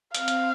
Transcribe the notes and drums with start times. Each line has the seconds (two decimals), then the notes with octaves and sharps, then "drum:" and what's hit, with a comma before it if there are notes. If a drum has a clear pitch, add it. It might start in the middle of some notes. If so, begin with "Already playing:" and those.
0.15 C4 F5, drum: hi-hat
0.28 drum: hi-hat